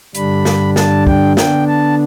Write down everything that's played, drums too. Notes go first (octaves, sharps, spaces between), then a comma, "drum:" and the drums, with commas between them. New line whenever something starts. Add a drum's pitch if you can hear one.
G2 D3 G3 D4 B5, drum: hi-hat
drum: snare
A5, drum: snare
G5, drum: kick
D3 B3 D4 G5, drum: snare
A5